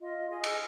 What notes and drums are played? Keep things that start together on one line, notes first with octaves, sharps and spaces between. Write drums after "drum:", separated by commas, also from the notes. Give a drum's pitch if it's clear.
F4 D#5
G#4 D#5
drum: cymbal